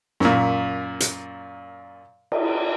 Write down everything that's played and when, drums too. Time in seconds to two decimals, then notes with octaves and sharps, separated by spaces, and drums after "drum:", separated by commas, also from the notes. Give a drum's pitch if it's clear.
0.20 F#2 A#2, drum: snare
1.00 drum: hi-hat
2.32 drum: cymbal